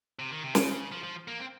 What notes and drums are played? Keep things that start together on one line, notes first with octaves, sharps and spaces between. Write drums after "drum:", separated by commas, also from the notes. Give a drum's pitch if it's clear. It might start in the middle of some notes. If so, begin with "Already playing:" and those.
C3
D#3
C3
C#3, drum: snare
F3
F3
A#3
C4